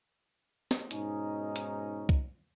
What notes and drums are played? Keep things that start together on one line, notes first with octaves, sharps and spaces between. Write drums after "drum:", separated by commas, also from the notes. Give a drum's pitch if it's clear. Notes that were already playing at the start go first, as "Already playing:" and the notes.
drum: snare
G#2 B2 C#4 D#4, drum: hi-hat
drum: hi-hat
drum: kick C2